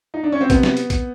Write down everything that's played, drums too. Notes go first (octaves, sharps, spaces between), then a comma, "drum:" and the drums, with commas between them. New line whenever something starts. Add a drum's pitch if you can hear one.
D#4
D4
C#4
C4
C3 B3, drum: kick A1, hi-hat
drum: snare
drum: hi-hat
drum: kick A1, hi-hat